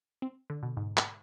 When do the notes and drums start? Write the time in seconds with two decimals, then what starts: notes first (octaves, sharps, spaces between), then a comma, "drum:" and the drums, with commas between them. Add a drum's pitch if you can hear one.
0.22 C4
0.50 D3
0.63 B2
0.77 G#2
0.97 drum: clap